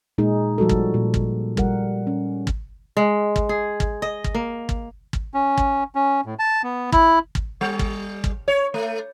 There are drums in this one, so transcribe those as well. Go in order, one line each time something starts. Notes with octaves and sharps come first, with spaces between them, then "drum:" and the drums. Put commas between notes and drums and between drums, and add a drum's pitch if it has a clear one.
A#2 G#3 D#4 G#4
F3 G3 F#4 A4
drum: kick
A#2
drum: kick
G3 A#4 F#5, drum: kick
C#4
drum: kick
G#3
drum: kick
G#4
drum: kick
D#5
drum: kick
A#3
drum: kick
drum: kick
C#4
drum: kick
C#4
A2
A5
B3
E4, drum: kick
drum: kick
G3
drum: kick
drum: kick
C#5
A3